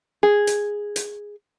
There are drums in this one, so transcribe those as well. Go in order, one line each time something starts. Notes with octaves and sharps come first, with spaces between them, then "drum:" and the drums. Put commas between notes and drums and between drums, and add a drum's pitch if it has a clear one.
G#4
drum: hi-hat
drum: hi-hat